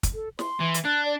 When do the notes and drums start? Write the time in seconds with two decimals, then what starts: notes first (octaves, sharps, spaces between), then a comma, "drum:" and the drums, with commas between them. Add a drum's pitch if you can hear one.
0.03 drum: kick, hi-hat
0.14 A4
0.39 C6, drum: snare
0.60 E3
0.74 drum: hi-hat
0.85 D4 F#6
1.05 D5